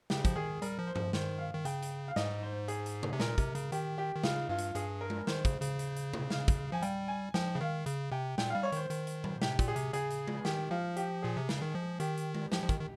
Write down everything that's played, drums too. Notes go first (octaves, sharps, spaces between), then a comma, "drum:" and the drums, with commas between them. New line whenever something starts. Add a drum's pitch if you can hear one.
C#3 G4, drum: snare
F3, drum: kick, hi-hat
D#3 G#4
G3 A#4, drum: hi-hat
F3
C5
F3, drum: tom G2
D#3 C5, drum: snare
F5
D#3
C#3 G5, drum: hi-hat
drum: hi-hat
F5
G#2 D#5, drum: snare
C5
G#4, drum: hi-hat
drum: hi-hat
drum: tom C3
C3
A#2 A#4, drum: snare
C3, drum: kick, hi-hat
C#3, drum: hi-hat
D#3 G4, drum: hi-hat
G4
D#3
C#3 F4, drum: snare
G2 F4
drum: hi-hat
G2 G#4, drum: hi-hat
A#4
drum: tom G#3
D#3 C5, drum: snare
C#3, drum: kick, hi-hat
C#3, drum: hi-hat
drum: hi-hat
drum: hi-hat
drum: tom C3
F5, drum: snare
drum: kick, hi-hat
F3 G#5
G3 G5, drum: hi-hat
G#5
F3 G5, drum: snare
C#3
D#3 F5
C#3, drum: hi-hat
C3 G5
A#2 G5, drum: snare
G3 F5
C#5
D#3 C5, drum: hi-hat
D#3, drum: hi-hat
drum: hi-hat
drum: tom
C3 G4, drum: snare
A#2, drum: kick, hi-hat
G#4
C3, drum: hi-hat
C#3 G#4, drum: hi-hat
drum: hi-hat
drum: tom G#3
D#3 G4, drum: snare
F3 F4
G4, drum: hi-hat
A#2 G#4
C3
C#3, drum: snare
D#3
F3
D#3 G4, drum: hi-hat
drum: hi-hat
drum: tom G#3
F3 G4, drum: snare
F3
D#3, drum: kick, hi-hat
D#3